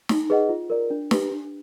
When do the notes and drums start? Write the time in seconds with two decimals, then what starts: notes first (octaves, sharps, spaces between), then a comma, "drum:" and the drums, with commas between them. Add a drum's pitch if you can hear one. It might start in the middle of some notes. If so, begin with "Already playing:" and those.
0.09 D#4, drum: snare
0.30 G#4 B4 D#5 F#5
0.49 F4
0.70 A#4 D5
0.90 D4
1.11 G4 B4, drum: snare
1.31 D4